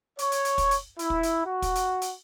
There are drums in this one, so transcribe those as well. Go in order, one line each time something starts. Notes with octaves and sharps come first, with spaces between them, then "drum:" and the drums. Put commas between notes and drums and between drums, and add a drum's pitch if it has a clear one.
C#5, drum: hi-hat
drum: hi-hat
drum: hi-hat
drum: kick, hi-hat
drum: hi-hat
E4, drum: hi-hat
drum: kick
drum: hi-hat
F#4
drum: kick, hi-hat
drum: hi-hat
drum: hi-hat